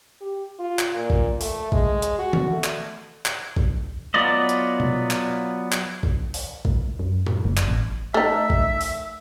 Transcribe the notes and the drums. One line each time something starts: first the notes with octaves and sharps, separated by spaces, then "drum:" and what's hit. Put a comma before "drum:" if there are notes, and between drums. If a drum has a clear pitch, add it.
G4
F4
drum: clap
A#2
drum: kick A1
A3, drum: open hi-hat
G#3, drum: kick A1
drum: hi-hat
F#4
drum: tom D#3
A3
drum: clap
drum: clap
drum: kick A1
F#3 B3 F4 D5 D#5
drum: hi-hat
drum: tom B2
drum: clap
drum: clap
drum: kick A1
drum: open hi-hat
drum: kick A1
F#2
drum: tom A2
F#1
drum: clap
A1
A3 D#4 E5
drum: kick A1
drum: open hi-hat